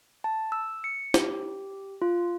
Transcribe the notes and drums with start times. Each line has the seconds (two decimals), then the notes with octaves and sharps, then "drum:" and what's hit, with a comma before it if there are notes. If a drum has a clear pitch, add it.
0.24 A5
0.52 E6
0.84 C#7
1.14 G4, drum: snare
2.02 F4